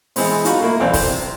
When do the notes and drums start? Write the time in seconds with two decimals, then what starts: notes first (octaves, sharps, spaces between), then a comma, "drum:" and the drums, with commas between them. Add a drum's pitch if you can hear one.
0.16 E3 G#3 B3 C4, drum: open hi-hat
0.45 D#4 F4 F#4 F5 B5, drum: hi-hat
0.61 A3 A#3 E4
0.80 B1 E3 C4 A4 D5 F5
0.94 C5, drum: kick, open hi-hat
1.10 C3